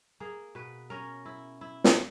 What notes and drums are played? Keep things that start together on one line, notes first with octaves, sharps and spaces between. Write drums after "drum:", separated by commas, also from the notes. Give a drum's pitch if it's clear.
A#3 G#4
B2 B4
C#4 A#4
E4
E4
drum: snare